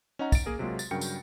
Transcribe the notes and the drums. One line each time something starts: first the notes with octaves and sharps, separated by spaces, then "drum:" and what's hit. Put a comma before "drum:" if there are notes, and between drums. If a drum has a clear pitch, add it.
C#4 D#4 D#5 F#5 A#5
A6 D7, drum: kick, tambourine
A#3 G#4 A#4
C3 F#3 G#3 A#3 F4
A6, drum: tambourine
G2 C#3 F#3 A#4 G5 C#7
drum: tambourine